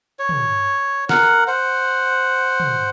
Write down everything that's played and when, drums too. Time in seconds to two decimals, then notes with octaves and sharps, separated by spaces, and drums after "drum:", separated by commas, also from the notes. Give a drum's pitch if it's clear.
0.19 C#5
0.29 drum: tom
1.09 A#4 F#5, drum: snare
1.48 C5 F#5
2.60 drum: tom